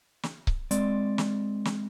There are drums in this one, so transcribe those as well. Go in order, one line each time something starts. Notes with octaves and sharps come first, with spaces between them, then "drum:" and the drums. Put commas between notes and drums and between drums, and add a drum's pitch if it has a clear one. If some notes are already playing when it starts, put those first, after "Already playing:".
drum: snare
drum: kick C#1
G#3 C4 D5, drum: hi-hat
drum: snare
drum: snare